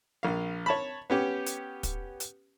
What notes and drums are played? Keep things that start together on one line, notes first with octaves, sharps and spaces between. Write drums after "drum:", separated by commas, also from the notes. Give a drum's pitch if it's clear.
A#1 F5
C#5 A5 B5
B3 C#4 G4
drum: hi-hat
drum: kick, hi-hat
drum: hi-hat